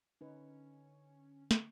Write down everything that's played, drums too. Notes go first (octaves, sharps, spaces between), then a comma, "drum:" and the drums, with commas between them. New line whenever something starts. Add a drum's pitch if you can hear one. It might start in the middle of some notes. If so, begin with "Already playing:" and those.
D3 C#4 D#4 B4
drum: snare